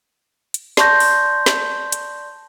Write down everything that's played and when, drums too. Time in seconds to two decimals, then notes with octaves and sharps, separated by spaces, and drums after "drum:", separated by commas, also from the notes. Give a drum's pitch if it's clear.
0.54 drum: hi-hat
0.77 D5 A5 C6 C#6 G6 A#6, drum: snare
1.00 drum: open hi-hat
1.46 drum: snare
1.92 drum: hi-hat